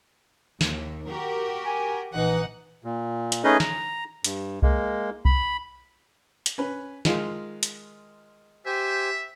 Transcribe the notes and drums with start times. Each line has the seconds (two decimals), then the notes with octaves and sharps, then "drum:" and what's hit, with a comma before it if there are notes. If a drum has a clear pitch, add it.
0.61 D#2, drum: snare
1.06 F#4 G4 A#4
1.66 G#5
2.13 A#1 E3 D#4 F#5
2.84 A#2
3.32 drum: hi-hat
3.44 A3 C#4 D#4 G#4 B4 D#5
3.60 A#5, drum: snare
4.24 G2, drum: hi-hat
4.62 G#3 A#3, drum: kick C2
5.25 B5, drum: kick C2
6.46 drum: hi-hat
6.58 C#4 B4
7.05 D#3 G#3 F4, drum: snare
7.63 drum: hi-hat
8.66 G4 C5 E5 G#5